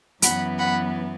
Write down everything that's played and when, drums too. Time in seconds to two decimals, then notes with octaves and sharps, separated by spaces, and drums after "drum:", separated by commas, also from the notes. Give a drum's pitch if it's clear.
0.22 F#2 E3 B3 F#5 B5, drum: hi-hat
0.59 F#5 B5